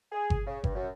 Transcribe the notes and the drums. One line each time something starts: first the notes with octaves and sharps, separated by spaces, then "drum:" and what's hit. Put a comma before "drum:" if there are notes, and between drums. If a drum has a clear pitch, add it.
G#4
drum: kick G1
C#3
G2, drum: kick G1
F#2